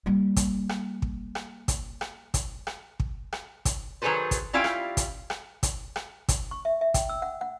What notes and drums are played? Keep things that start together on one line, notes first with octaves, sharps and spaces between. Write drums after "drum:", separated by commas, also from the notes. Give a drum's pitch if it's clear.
G3 A#3
drum: kick, hi-hat
drum: rim click
drum: kick
drum: rim click
drum: kick, hi-hat
drum: rim click
drum: kick, hi-hat
drum: rim click
drum: kick
drum: rim click
drum: kick, hi-hat
D#3 F#3 G#4 A4 B4 C5
drum: kick, hi-hat
G3 C#4 E4 F4 F5 G5
drum: rim click
drum: kick, hi-hat
drum: rim click
drum: kick, hi-hat
drum: rim click
drum: kick, hi-hat
C#6
E5
E5
G5, drum: kick, hi-hat
E6
F#5
F#5